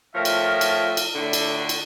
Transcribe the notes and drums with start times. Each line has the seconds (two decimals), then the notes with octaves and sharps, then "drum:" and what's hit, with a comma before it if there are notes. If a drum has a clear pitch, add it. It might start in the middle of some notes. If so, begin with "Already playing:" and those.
0.15 F3 A3 A#4 C#5 E5 G5
0.25 drum: cymbal
0.61 drum: cymbal
0.97 drum: cymbal
1.15 A2 D3 A3
1.33 drum: cymbal
1.69 drum: cymbal